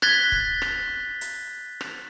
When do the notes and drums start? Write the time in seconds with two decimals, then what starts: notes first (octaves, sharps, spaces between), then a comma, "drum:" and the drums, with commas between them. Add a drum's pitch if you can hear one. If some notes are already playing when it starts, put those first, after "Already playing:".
0.02 F#6 G#6 A6 B6 G7, drum: rim click
0.32 drum: kick
0.62 drum: rim click
1.21 drum: hi-hat
1.81 drum: rim click